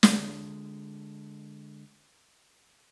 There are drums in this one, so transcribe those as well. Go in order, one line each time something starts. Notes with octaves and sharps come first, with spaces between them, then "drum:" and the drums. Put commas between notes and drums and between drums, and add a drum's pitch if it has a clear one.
D3 G#3, drum: snare